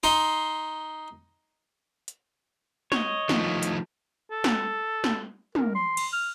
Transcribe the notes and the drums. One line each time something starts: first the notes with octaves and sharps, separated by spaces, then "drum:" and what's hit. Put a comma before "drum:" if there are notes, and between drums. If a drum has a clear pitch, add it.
D#4 C6
drum: hi-hat
C#5 D#5, drum: snare
D#3 F3 A3, drum: snare
drum: hi-hat
A4
drum: snare
drum: snare
A#4, drum: tom
C6
drum: cymbal
F6